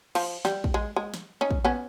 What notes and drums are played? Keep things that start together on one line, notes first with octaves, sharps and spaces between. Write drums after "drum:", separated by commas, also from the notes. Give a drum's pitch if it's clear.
F3, drum: cymbal
G3, drum: snare
drum: kick
G#3
G#3
drum: snare
C#4 D#4
drum: kick
B3 C#4